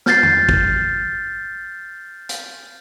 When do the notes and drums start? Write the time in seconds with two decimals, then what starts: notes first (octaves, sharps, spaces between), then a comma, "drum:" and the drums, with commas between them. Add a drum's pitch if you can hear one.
0.06 F6 G6 A6 C7, drum: snare
0.23 drum: tom E2
0.49 drum: kick
2.29 drum: hi-hat